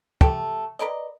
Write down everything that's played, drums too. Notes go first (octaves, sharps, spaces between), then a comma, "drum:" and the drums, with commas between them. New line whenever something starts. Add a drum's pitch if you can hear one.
A3 G4 A4, drum: kick
A#4 B4 D5 D#5